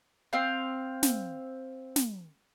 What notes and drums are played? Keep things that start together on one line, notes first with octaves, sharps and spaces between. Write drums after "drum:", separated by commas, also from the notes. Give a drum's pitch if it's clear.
C4 F5
drum: snare
drum: snare